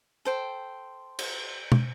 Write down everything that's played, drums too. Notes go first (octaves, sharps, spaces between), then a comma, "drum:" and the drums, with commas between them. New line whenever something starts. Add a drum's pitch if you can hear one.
A4 C5 G5
drum: cymbal
drum: tom